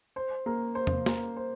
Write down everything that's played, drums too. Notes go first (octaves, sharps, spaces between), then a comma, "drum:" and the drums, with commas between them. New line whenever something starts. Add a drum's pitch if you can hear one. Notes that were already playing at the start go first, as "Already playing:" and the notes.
C5
A#3
C5
drum: tom
A#3, drum: snare
C5